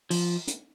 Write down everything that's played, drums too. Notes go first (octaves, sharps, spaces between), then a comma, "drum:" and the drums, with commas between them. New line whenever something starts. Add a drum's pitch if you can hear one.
F3, drum: open hi-hat
drum: hi-hat